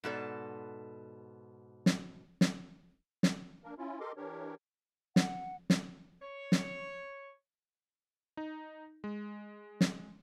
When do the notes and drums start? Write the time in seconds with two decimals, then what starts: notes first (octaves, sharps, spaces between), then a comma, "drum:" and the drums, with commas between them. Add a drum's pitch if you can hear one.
0.04 G#2 B2 A4 D5
1.86 drum: snare
2.41 drum: snare
3.23 drum: snare
3.64 A#3 D4 A#4
3.78 C#4 E4 F4
4.00 G4 A4 A#4 D#5 C6 D6
4.17 E3 D4 G4 A#4 C#5
5.16 F#5, drum: snare
5.70 drum: snare
6.22 C#5
6.52 drum: snare
8.37 D#4
9.04 G#3
9.81 drum: snare